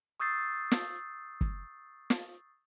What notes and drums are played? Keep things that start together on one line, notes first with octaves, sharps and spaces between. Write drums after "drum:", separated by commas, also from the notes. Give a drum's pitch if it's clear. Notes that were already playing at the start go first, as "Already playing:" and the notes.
C#6 D#6 E6 G6 A6 C7
drum: snare
drum: kick
drum: snare